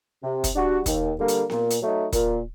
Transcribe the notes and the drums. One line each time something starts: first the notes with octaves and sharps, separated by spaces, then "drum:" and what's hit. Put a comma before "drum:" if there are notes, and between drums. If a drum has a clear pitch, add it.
C3
drum: kick, hi-hat
G3 D4 F#4
D#2, drum: kick, hi-hat
D3 G3 A#3
drum: hi-hat
A#2, drum: snare B3
drum: hi-hat
F#3 A3 D#4
A#2, drum: kick, hi-hat